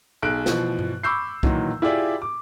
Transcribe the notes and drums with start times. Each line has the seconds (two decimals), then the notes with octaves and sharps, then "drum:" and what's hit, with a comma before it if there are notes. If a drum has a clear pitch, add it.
0.22 B1 G#4 F#6 D7
0.46 B2 E3 F3, drum: snare
0.79 drum: tom G2
1.03 B5 C#6 D6 E6 G6 C7
1.43 A#2 D#3 E3 F#3, drum: kick
1.82 E4 F4 G4 G#4 D5 E5
2.22 D6